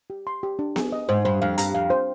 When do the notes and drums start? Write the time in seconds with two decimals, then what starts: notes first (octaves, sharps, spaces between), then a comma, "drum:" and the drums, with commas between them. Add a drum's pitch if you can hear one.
0.10 G4
0.27 C6
0.43 G4
0.59 D4
0.76 G#4, drum: snare B3
0.92 D#5
1.09 G#2 C5
1.25 G2 C5
1.41 F2 F5
1.58 G2 A#5, drum: hi-hat
1.75 F2 F5
1.90 C5